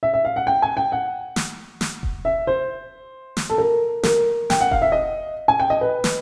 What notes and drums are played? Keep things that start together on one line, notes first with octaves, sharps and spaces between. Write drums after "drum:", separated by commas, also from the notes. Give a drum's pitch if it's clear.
E5
E5
F5
F#5
G5
G#5
G5
F#5
drum: snare
drum: snare
drum: kick E1
E5
C5
drum: snare
A4
A#4
A#4, drum: snare
G5, drum: snare
F#5
F5, drum: kick E1
E5
D#5
G#5
G5
D#5
B4
drum: snare